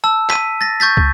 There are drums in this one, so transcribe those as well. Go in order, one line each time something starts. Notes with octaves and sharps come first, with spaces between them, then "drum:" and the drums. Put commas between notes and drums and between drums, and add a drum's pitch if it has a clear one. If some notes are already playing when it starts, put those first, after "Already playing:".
A5 E6
B6 D#7, drum: clap
A6 A#6
C#6 G6 A6 B6
drum: kick